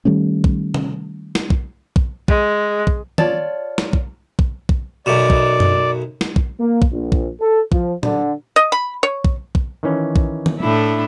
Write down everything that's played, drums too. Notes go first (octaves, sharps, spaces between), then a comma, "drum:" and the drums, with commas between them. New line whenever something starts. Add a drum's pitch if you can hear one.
D#3 G3 A3 C#4
drum: kick
drum: tom C3
drum: snare
drum: kick
drum: kick
G#3, drum: kick
drum: kick
F4 C#5 D5 A5, drum: tom D#3
drum: snare
drum: kick
drum: kick
drum: kick
B1 F#2 B2 D5
drum: kick
drum: tom F#2
drum: snare
drum: kick
A#3
drum: kick
A#1
drum: kick
A4
F3, drum: kick
D3, drum: tom
D#5
B5
C#5
drum: kick
drum: kick
D#3 E3 C#4
drum: kick
drum: tom D#3
A2 D4 E4